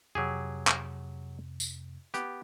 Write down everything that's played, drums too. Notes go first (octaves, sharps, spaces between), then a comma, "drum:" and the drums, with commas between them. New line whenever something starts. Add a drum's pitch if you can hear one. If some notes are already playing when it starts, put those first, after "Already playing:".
F2 C3 F#3 G4 G#4
drum: clap
drum: tambourine
B3 G4, drum: hi-hat